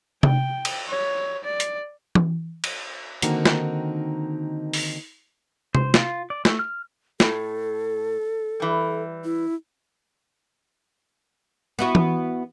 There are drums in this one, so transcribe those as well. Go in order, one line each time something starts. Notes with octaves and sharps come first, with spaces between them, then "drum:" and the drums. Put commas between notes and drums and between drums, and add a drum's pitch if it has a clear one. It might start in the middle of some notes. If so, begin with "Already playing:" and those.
G5, drum: tom C3
drum: cymbal
C#5
D5
drum: hi-hat
drum: tom E3
drum: cymbal
D3 D#3 A#3 C4 D#4 F#4, drum: hi-hat
drum: snare
drum: open hi-hat
C5, drum: tom C3
F4, drum: snare
D5
A3, drum: snare
F6
A2 A4, drum: snare
E3 G3
E4
B3 E4 F#4
drum: tom E3